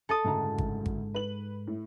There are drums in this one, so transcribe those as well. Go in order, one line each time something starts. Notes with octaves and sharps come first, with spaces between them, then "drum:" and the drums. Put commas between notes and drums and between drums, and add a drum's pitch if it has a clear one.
A4 A5 D#6
F#1 D2 G#2 G#3 A#5
drum: kick G#1
drum: kick G#1
B4 F#7
A2